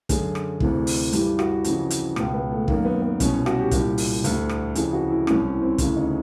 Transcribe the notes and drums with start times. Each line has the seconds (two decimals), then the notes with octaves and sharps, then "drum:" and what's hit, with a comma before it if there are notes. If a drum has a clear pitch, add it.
0.09 F#2 D3 G#4, drum: kick, hi-hat
0.35 drum: rim click
0.60 D2 C3 E3, drum: kick
0.87 drum: open hi-hat
1.13 G2 E3 G4, drum: hi-hat
1.39 F#4, drum: rim click
1.64 F2 C#3 E3, drum: hi-hat
1.90 drum: hi-hat
2.16 C#2 B2, drum: rim click
2.34 B3
2.51 A3
2.68 F#2 D#3 A#3, drum: kick
2.85 B3
3.02 B3
3.20 C2 B2 C#4, drum: kick, hi-hat
3.33 C#4
3.46 F#4, drum: rim click
3.59 G4
3.71 C2 A#2, drum: kick, hi-hat
3.98 drum: open hi-hat
4.24 D2 D3, drum: hi-hat
4.49 drum: rim click
4.75 F2 C#3 E3 G#4, drum: hi-hat
4.93 F#4
5.10 E4
5.27 C2 C3 E3 C#4, drum: rim click
5.62 C4
5.78 D2 C#3 E3 C#4, drum: kick, hi-hat
5.96 D#4